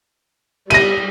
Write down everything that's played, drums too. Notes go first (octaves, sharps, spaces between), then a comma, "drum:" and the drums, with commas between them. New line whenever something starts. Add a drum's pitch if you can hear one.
G3 A#6 D#7, drum: cymbal